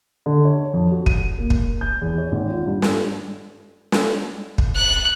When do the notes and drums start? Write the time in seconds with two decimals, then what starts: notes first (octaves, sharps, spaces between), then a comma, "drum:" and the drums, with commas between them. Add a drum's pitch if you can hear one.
0.26 D3
0.45 C#5
0.73 F2
0.91 F#4
1.06 D#7, drum: kick
1.38 A#3
1.50 drum: kick
1.81 G6
2.01 E2
2.18 C#5
2.32 G#1
2.50 F4
2.66 G2
2.82 drum: snare
3.92 drum: snare
4.58 drum: kick
4.76 F#6